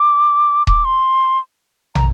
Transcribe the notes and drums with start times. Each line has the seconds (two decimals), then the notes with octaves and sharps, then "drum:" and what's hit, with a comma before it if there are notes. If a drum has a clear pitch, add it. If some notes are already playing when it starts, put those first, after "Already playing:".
Already playing: D6
0.67 D6, drum: kick D#1
0.85 C6
1.95 A#5, drum: tom